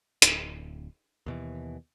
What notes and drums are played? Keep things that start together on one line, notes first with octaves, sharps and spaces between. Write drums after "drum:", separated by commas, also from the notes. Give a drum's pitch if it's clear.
D1, drum: hi-hat
D#2 B2 E3